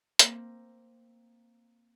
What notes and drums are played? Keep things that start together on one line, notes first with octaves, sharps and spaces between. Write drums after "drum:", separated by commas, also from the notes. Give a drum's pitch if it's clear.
A#3 C4, drum: hi-hat